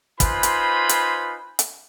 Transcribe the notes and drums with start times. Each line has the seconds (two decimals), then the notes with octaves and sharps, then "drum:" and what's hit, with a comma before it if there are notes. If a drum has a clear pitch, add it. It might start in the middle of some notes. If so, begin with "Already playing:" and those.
0.20 D#4 F4 B4 C5 G#5 B5, drum: kick, hi-hat
0.43 drum: hi-hat
0.89 drum: hi-hat
1.59 drum: hi-hat